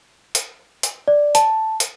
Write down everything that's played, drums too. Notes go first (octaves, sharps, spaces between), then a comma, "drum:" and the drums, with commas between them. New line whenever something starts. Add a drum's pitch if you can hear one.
drum: hi-hat
drum: hi-hat
D5
A5, drum: hi-hat
drum: hi-hat